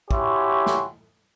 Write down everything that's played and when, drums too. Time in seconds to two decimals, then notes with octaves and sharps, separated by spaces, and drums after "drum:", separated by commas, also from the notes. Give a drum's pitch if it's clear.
0.11 E4 F#4 G4 C#5 G#5 C6, drum: kick
0.66 drum: snare